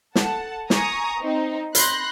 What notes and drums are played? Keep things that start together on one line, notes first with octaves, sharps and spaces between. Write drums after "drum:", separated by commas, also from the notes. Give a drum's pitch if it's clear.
A4 F#5 A5, drum: snare
G#5 A#5 C#6 D#6, drum: snare
C4 D#4
B5 C6 F#6 G6 A#6, drum: hi-hat